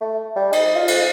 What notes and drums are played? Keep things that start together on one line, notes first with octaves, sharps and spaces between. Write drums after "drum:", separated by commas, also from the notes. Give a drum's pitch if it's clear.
A3
G3
D#4, drum: cymbal
F4
drum: cymbal